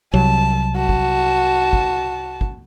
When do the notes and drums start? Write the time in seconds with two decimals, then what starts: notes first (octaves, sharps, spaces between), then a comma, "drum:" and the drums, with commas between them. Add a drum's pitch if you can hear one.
0.14 C2 C3 F#3 A5
0.75 F#4 A5
0.89 drum: kick
1.73 drum: kick
2.41 drum: kick